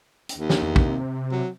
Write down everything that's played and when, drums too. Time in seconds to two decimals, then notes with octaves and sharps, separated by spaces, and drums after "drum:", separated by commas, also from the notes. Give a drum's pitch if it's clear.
0.29 drum: hi-hat
0.38 D#2
0.50 drum: snare
0.63 E2
0.76 drum: kick
0.85 C3
1.32 F#3